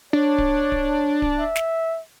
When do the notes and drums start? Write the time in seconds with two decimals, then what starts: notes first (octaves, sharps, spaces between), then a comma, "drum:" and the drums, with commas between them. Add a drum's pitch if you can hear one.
0.13 D4 C#5
0.38 drum: kick D1
0.72 drum: kick D1
1.22 drum: kick D1
1.39 E5
1.56 drum: snare